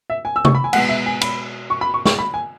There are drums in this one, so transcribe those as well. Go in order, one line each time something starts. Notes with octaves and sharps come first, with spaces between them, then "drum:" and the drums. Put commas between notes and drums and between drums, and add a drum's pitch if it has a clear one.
E5
G#5
E6
C#6, drum: tom
B5
G#5
B2 G#3 B3 F#5, drum: cymbal
E5
G#5
B5, drum: cymbal
C#6
B5
C#6
C#6, drum: snare
B5
G#5